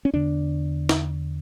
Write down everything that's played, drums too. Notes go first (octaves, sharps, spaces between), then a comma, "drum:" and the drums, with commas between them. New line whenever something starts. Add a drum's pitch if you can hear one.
C#4
E2 D3 D4
drum: snare